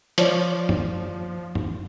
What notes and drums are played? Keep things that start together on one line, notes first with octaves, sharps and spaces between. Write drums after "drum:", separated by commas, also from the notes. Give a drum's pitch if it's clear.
F3 C#5 D5, drum: hi-hat
drum: tom F#2
drum: tom F#2